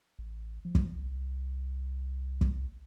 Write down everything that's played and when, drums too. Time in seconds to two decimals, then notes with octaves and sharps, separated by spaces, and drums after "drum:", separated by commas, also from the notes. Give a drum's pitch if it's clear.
0.19 A1
0.65 F3
0.75 drum: kick
0.96 C2
2.41 drum: kick